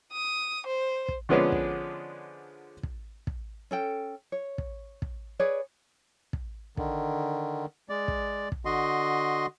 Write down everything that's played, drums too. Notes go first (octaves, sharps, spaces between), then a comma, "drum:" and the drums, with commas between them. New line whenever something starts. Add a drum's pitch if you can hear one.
D#6
C5
drum: kick
D3 F3 G#3 B3 C#4 D4
drum: kick
drum: kick
drum: kick
C#4 A4 G5
C#5
drum: kick
drum: kick
G#4 B4 C#5 D5
drum: kick
D3 D#3, drum: kick
G#3 D5
drum: kick
drum: kick
D3 F#4 D#5 C6